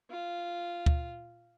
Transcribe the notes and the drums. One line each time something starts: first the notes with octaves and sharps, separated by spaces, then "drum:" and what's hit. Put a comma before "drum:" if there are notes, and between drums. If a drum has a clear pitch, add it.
F4
drum: kick